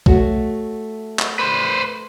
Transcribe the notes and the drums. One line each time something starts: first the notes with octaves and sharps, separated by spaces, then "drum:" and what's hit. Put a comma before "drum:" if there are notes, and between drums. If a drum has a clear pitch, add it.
A3 F#4 C#5, drum: kick
drum: clap
B4 C5